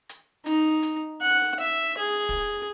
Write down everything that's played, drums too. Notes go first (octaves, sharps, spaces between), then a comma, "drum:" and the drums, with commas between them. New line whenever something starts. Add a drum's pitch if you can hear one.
drum: hi-hat
D#4, drum: hi-hat
drum: hi-hat
F#5
E5
G#4
drum: kick, open hi-hat